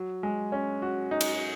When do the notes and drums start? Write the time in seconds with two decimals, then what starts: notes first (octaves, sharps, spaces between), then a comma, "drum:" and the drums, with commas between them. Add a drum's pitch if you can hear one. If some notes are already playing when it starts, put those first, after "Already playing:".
Already playing: F#3
0.23 G#3
0.52 C#4
0.82 F#4
1.11 D#4
1.21 drum: cymbal